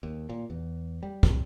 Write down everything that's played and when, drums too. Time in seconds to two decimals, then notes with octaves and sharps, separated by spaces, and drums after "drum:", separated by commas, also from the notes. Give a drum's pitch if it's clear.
0.03 D#2
0.29 A#2
0.50 E2
1.03 G3
1.23 drum: kick